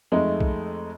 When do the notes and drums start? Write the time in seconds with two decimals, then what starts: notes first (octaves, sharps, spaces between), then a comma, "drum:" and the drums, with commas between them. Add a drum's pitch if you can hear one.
0.12 F2 G#3 A3 D#4
0.41 drum: kick